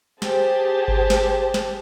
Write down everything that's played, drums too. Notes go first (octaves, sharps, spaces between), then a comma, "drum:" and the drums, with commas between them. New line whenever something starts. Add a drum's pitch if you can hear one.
G4 G#4 C5 A5, drum: snare
drum: kick G1
drum: snare
drum: snare